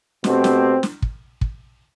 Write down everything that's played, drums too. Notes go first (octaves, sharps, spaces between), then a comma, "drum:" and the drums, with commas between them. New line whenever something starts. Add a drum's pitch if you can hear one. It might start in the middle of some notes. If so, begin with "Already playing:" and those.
B2 A3 C4 G4, drum: snare
drum: snare
drum: snare
drum: kick
drum: kick